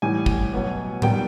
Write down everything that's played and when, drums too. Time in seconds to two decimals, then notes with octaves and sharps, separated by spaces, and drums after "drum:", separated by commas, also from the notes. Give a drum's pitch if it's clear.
0.02 A2 E3 G3 G#5
0.26 drum: kick
0.53 B2 F#3 B3
1.02 D#3 G3 B3 G5, drum: tom A2